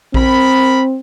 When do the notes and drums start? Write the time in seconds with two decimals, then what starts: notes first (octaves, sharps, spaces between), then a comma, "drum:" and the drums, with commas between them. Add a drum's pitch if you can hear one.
0.14 C4 A#4 B5, drum: kick A#1